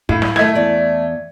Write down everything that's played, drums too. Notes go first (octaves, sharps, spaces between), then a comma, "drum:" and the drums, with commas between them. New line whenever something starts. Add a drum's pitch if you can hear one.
A2 E4 F5, drum: kick
drum: snare
A3 G#6, drum: snare
E2 D5